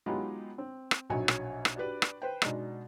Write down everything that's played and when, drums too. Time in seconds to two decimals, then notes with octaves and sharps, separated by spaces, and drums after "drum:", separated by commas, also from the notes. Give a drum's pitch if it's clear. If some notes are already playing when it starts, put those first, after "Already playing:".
0.06 F#3 G#3 B3 D#4 F4 G4
0.58 C4
0.91 drum: rim click
1.10 A#1 B2 F#3 D#4 C#5 G#5
1.28 drum: rim click
1.65 drum: rim click
1.76 D4 F#4 G4 B4 D5
2.02 drum: rim click
2.22 B4 C5 G5
2.42 B2 G#3 D4 D#4, drum: rim click